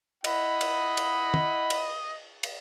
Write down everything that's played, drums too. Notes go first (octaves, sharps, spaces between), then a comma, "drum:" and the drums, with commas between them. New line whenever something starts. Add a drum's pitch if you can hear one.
E4 D#5 F#5 B5, drum: cymbal
drum: cymbal
drum: cymbal
drum: tom
drum: cymbal
drum: cymbal